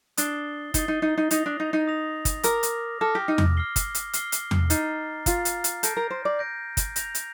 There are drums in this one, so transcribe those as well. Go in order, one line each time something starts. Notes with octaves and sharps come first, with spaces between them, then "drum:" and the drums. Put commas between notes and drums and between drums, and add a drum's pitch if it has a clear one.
D4 D#6 A6 C7 G7, drum: hi-hat
D#4 D#6 A6 C7 G7, drum: kick, hi-hat
D#4
D#4
D#4
D#4 D#6 A#6 F7, drum: hi-hat
D4
D#4
D#4
D#6 A#6 F7
drum: kick, hi-hat
A#4 D6 F6 A#6, drum: hi-hat
drum: hi-hat
A4 D6 F6 A#6
G4
D#4
drum: tom E2
F6 C7 G7
drum: kick, hi-hat
drum: hi-hat
F6 C7 G7, drum: hi-hat
drum: hi-hat
drum: tom E2
D#4 A#5 F6 A6 C7, drum: hi-hat
F4 A#5 F6 A6 C7, drum: kick, hi-hat
drum: hi-hat
drum: hi-hat
A4 G6 A#6 D7, drum: hi-hat
A#4
C5
D5
G6 A#6 D7
drum: kick, hi-hat
G6 A#6 F7, drum: hi-hat
drum: hi-hat